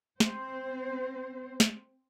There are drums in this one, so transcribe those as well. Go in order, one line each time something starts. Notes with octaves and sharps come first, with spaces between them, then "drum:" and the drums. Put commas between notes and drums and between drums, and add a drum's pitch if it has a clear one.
C4 C5, drum: snare
drum: snare